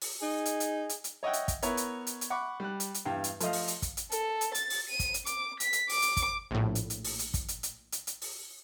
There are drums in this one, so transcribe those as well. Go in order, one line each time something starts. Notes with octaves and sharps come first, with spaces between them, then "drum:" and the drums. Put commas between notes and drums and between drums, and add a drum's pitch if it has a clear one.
drum: open hi-hat
D#4 G#4
drum: hi-hat
drum: hi-hat
drum: hi-hat
drum: hi-hat
C#5 D#5 E5 F#5 G5
drum: hi-hat
drum: kick, hi-hat
B3 E4 A#4 C#5, drum: hi-hat
drum: hi-hat
drum: hi-hat
drum: hi-hat
F#5 B5 C#6 D6
G3 F#6
drum: hi-hat
drum: hi-hat
E2 G2 G4 F5 G5
drum: hi-hat
F3 A3 D#5 F5, drum: hi-hat
drum: open hi-hat
drum: hi-hat
drum: kick, hi-hat
drum: hi-hat
A4, drum: hi-hat
drum: hi-hat
A6, drum: hi-hat
drum: open hi-hat
D#7
drum: kick, hi-hat
drum: hi-hat
D6, drum: hi-hat
B6, drum: hi-hat
drum: hi-hat
D6, drum: open hi-hat
drum: hi-hat
drum: kick, hi-hat
A#1 A2
drum: hi-hat
drum: hi-hat
drum: open hi-hat
drum: hi-hat
drum: kick, hi-hat
drum: hi-hat
drum: hi-hat
drum: hi-hat
drum: hi-hat
drum: open hi-hat